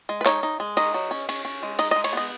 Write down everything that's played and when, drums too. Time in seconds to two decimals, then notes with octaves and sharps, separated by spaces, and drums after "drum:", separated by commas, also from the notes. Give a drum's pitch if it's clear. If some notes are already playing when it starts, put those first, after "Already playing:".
0.09 G#3
0.21 B4
0.26 D#4 C#5, drum: clap
0.43 D#4
0.60 G#3
0.77 D#3 D#5, drum: cymbal
0.94 F#3
1.11 C#4
1.29 C#4, drum: cymbal
1.45 C#4
1.63 G#3
1.79 D#4 D#5, drum: cymbal
1.91 D#5
1.96 G#3
2.04 C#5, drum: cymbal
2.13 B3 D#5